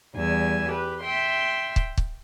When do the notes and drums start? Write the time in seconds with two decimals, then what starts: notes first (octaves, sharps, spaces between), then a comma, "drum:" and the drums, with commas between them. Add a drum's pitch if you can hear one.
0.16 E2 G3 G#5 E6
0.69 G4 B4
1.01 E5 G5 C6
1.76 drum: kick
1.98 drum: kick